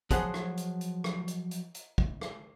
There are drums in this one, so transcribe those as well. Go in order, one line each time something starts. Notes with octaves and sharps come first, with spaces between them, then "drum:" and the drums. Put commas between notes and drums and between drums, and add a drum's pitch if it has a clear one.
F3 F#3 G#4 C5 F#5, drum: kick, hi-hat
drum: rim click
drum: hi-hat
drum: hi-hat
drum: rim click
drum: hi-hat
drum: hi-hat
drum: hi-hat
drum: kick
drum: rim click